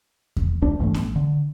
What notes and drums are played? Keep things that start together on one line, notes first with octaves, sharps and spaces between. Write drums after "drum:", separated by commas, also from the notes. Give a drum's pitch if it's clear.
drum: kick E2
C#2 D4
G1 G2 E3 A3
A1, drum: snare B3
D3